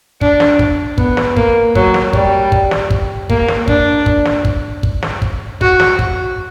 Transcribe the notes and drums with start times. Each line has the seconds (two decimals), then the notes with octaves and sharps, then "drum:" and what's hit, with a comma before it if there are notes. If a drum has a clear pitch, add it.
0.21 D4, drum: kick
0.40 drum: snare
0.59 drum: kick
0.98 B3, drum: kick
1.17 drum: snare
1.37 A#3, drum: kick
1.75 F#3, drum: kick
1.94 drum: snare
2.13 G3, drum: kick
2.52 drum: kick
2.71 drum: snare
2.91 drum: kick
3.30 A#3, drum: kick
3.48 drum: snare
3.68 D4, drum: kick
4.06 drum: kick
4.25 drum: snare
4.45 drum: kick
4.83 drum: kick
5.03 drum: snare
5.22 drum: kick
5.61 F#4, drum: kick
5.80 drum: snare
5.99 drum: kick